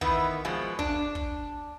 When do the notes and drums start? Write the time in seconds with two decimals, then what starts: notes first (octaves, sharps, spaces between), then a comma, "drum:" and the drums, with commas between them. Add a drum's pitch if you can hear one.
0.01 D#3 E3 B3, drum: kick
0.45 B2 F3 G#3
0.79 D4, drum: kick
1.15 drum: kick